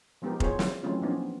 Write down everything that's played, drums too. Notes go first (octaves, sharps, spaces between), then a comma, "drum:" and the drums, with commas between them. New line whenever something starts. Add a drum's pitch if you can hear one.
F3 G#3 B3 D#4 G4 A#4
E3 B3 F4 G#4 C5 C#5, drum: kick F1
drum: snare
E3 F#3 A3 C4 C#4 F4
E3 F3 A#3 B3 C#4 D4